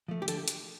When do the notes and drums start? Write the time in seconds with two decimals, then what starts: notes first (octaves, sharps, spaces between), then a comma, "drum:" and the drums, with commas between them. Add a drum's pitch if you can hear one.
0.08 F3 A3
0.22 G4
0.28 D3 A4, drum: hi-hat
0.48 drum: hi-hat